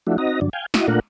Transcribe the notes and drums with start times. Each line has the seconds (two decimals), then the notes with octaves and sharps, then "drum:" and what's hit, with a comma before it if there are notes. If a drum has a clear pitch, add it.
0.07 F3 A3 D4 E4 F#4
0.18 C4 D#4 F#4 D#5 A#5
0.41 G2 D3 F#3 D4
0.53 F5 G5 G#5
0.74 E4 F#4 D#5, drum: snare
0.88 A#2 A3 D4 F4 A#4 F#5